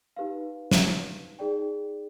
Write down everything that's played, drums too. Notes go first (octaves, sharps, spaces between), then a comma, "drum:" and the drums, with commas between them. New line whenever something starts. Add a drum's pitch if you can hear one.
D#4 G4 B4 F5
drum: snare
D#4 G#4 D5 G5